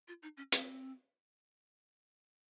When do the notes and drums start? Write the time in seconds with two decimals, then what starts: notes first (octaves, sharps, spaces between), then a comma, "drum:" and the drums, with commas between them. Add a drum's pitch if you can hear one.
0.08 F4
0.23 D#4
0.37 C#4
0.52 C4, drum: hi-hat